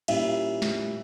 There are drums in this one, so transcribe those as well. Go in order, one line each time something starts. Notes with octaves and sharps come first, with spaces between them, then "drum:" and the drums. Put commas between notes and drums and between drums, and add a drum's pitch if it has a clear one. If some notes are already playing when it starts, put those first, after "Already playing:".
A#2 G3 C#4 E4 E5, drum: cymbal
drum: snare